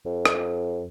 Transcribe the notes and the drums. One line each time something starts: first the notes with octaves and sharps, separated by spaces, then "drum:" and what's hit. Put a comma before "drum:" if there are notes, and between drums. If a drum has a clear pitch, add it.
F2
drum: rim click